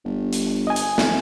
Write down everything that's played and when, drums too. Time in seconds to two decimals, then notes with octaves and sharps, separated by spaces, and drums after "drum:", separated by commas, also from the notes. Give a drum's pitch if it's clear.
0.05 G1
0.33 drum: hi-hat
0.67 D#5 G#5
0.76 drum: hi-hat
0.98 F2, drum: snare